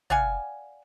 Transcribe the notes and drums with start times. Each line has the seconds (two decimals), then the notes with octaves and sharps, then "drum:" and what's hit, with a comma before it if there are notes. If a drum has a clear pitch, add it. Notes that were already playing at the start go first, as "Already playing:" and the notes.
0.10 D5 F5 F#5 G#5, drum: tom